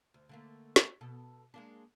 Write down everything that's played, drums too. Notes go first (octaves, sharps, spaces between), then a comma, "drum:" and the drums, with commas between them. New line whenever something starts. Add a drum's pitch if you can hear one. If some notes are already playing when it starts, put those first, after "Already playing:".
D2
D3 A3 A#3
drum: snare
B2 A4
G#3 A#3 D4